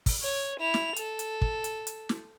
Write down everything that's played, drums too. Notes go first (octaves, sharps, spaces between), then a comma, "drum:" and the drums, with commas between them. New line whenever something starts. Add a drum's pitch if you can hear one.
drum: kick, open hi-hat
C#5
E4 F7
drum: snare
A4, drum: hi-hat
drum: hi-hat
drum: kick
drum: hi-hat
drum: hi-hat
drum: snare